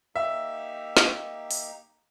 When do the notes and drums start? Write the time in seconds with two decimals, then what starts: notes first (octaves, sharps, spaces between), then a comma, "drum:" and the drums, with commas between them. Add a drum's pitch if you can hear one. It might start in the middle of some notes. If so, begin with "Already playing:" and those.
0.16 A#3 D#4 G4 E5
0.97 drum: snare
1.51 drum: open hi-hat